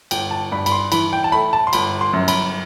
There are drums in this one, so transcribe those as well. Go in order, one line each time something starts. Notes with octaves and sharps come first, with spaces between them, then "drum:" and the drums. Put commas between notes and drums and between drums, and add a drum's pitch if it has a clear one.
G1 G5, drum: cymbal
A5
G2 B5
B5, drum: cymbal
C6
E3 B5, drum: cymbal
G5
A5
A3 B5
A5
C6
G1 B5, drum: cymbal
C6
F#2
B5, drum: cymbal